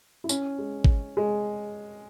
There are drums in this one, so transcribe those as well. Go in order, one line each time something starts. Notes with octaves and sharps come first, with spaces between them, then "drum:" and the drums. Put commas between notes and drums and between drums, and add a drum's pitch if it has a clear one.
E4
C#4, drum: tambourine
G#3
drum: kick
G#3